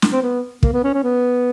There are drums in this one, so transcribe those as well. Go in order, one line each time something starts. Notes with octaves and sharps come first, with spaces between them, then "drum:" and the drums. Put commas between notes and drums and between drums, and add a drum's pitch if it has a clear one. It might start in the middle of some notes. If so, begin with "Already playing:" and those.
drum: snare
C4
B3
A#3, drum: kick
B3
C#4
C#4
B3